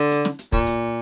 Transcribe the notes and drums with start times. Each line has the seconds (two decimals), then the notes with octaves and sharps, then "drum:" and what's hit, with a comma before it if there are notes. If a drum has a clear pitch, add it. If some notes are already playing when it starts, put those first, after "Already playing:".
Already playing: D3
0.11 drum: hi-hat
0.25 drum: snare
0.39 drum: hi-hat
0.52 A#2, drum: kick
0.66 drum: hi-hat